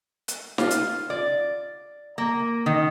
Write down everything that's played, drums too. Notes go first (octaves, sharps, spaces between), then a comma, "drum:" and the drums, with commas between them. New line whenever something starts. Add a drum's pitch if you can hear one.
drum: hi-hat
F4, drum: snare
drum: hi-hat
D5
A#3
D#3